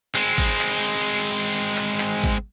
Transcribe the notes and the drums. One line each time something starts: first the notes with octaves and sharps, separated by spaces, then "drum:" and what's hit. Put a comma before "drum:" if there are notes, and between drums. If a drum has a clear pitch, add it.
G#3 C4, drum: clap
drum: kick G#1, hi-hat
drum: clap
drum: hi-hat
drum: hi-hat
drum: hi-hat
drum: hi-hat
drum: clap
drum: clap
drum: kick G#1, hi-hat